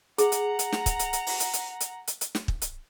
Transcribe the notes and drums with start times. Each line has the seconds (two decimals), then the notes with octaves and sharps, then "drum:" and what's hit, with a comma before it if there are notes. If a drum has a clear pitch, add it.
0.18 G#4 F#5 A#5, drum: hi-hat
0.32 drum: hi-hat
0.59 drum: hi-hat
0.72 drum: snare
0.86 drum: kick, hi-hat
0.99 drum: hi-hat
1.13 drum: hi-hat
1.27 drum: open hi-hat
1.40 drum: hi-hat
1.54 drum: hi-hat
1.81 drum: hi-hat
2.08 drum: hi-hat
2.21 drum: hi-hat
2.35 drum: snare
2.48 drum: kick
2.62 drum: hi-hat